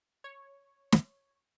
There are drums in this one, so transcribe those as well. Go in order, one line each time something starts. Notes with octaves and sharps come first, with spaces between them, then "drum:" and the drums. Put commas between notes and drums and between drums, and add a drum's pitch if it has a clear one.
C#5
drum: snare